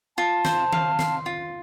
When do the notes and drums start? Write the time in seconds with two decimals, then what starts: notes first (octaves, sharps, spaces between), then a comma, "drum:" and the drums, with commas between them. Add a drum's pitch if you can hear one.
0.18 F4 A5
0.45 C5, drum: snare
0.72 F5, drum: tom D#3
0.99 C6, drum: snare
1.26 F4